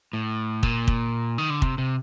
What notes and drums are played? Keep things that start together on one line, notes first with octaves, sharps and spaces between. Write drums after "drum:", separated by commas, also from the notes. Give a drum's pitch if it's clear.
A2
A#2, drum: kick
drum: kick
D#3
D3
C3, drum: kick
C3